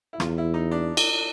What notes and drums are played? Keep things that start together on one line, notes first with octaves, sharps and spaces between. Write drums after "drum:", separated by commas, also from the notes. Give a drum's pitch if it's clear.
E4
E2 F4, drum: rim click
E4
D#4
D4
drum: cymbal